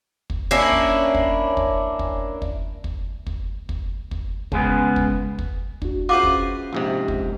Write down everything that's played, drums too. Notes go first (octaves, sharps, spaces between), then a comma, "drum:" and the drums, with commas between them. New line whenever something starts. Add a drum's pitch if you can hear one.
drum: kick
A#3 C#4 D4 E4
drum: kick
drum: kick
drum: kick
drum: kick
drum: kick
drum: kick
drum: kick
drum: kick
drum: kick
C#3 G#3 B3, drum: kick
drum: kick
drum: kick
D4 F#4, drum: kick
C#4 F4 F#4 G#4 B4 C5 E5 D6
drum: kick
A#1 G#2 C3
drum: kick